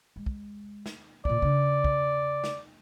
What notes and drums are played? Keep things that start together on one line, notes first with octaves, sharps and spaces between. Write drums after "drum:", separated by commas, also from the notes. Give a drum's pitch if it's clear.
G#3
drum: kick
drum: snare
D#2 A#2 D5, drum: kick
C#3 D4, drum: kick
drum: kick
drum: snare